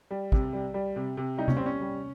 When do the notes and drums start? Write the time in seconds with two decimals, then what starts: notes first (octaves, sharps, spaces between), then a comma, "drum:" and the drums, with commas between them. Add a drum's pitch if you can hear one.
0.11 G3
0.32 C3, drum: kick
0.53 G3
0.74 G3
0.96 C3
1.17 C3
1.38 G3 D#4
1.48 C#4, drum: tom C3
1.57 G3 C4
1.66 C#4
1.81 G3